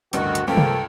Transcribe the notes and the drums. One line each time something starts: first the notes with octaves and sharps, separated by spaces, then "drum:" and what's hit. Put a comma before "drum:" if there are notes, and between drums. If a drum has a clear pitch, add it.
A1 D2 G2 D#3 F#4, drum: hi-hat
drum: hi-hat
C#2 G2 F3 A#3 A4 G5
drum: tom C3